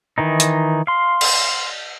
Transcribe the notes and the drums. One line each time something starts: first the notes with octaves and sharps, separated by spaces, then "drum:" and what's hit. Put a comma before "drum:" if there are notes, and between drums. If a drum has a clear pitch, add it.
D#3 E3 D#4
drum: hi-hat
F5 C6
drum: cymbal